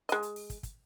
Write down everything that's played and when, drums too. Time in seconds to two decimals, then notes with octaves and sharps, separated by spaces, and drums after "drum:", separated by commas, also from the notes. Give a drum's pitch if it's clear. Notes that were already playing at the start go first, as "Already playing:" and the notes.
0.09 G#3 D#5, drum: hi-hat
0.23 drum: hi-hat
0.36 drum: open hi-hat
0.50 drum: kick, hi-hat
0.63 drum: kick, hi-hat